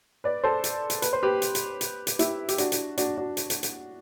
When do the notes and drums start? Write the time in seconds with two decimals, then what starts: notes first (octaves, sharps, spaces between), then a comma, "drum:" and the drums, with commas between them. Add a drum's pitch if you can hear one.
0.24 B4 D5
0.44 A4 C5
0.64 drum: hi-hat
0.90 drum: hi-hat
1.02 B4, drum: hi-hat
1.13 C5
1.23 G4 B4
1.42 drum: hi-hat
1.55 drum: hi-hat
1.81 drum: hi-hat
2.07 drum: hi-hat
2.19 E4 G4, drum: hi-hat
2.49 G4, drum: hi-hat
2.58 D4 F#4, drum: hi-hat
2.72 drum: hi-hat
2.98 D4 F#4, drum: hi-hat
3.17 D4 F#4
3.37 drum: hi-hat
3.50 drum: hi-hat
3.63 drum: hi-hat